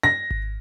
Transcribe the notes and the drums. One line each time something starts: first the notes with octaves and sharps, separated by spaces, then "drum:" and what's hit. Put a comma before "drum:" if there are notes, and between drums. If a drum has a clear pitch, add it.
A#6
drum: kick G#1